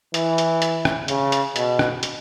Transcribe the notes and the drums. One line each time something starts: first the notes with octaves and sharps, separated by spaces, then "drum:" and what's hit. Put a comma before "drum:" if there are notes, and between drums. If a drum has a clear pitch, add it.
E3, drum: hi-hat
drum: hi-hat
drum: hi-hat
drum: rim click
C#3, drum: hi-hat
drum: hi-hat
B2, drum: hi-hat
drum: rim click
drum: hi-hat